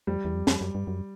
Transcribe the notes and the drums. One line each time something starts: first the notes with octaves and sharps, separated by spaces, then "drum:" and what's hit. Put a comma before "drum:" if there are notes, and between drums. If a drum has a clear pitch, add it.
F2 G3
E2
F2
F2, drum: snare
F#2
G2
F#2